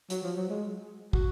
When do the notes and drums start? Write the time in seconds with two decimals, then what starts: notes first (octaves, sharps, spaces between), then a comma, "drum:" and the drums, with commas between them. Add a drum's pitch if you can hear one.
0.10 F#3, drum: hi-hat
0.23 F3
0.36 F#3
0.49 G#3
1.13 F#4, drum: kick